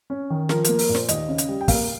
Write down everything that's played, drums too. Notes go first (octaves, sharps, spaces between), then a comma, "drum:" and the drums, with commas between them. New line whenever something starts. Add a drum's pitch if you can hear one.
C#4
D#3
F3 A#4, drum: snare
A#3 A#4, drum: hi-hat
A#4, drum: open hi-hat
A#2
C5, drum: snare
D#2 D#5, drum: hi-hat
C#3
drum: hi-hat
G3
G5
A#3 F5, drum: kick, open hi-hat